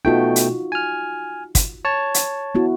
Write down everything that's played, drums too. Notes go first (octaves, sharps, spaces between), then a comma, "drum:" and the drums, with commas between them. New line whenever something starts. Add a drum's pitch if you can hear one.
B2 A3 D#4 F4 F#4 G5
drum: hi-hat
G#5 F6
drum: kick, hi-hat
C#5 A5
drum: hi-hat
B3 E4 F#4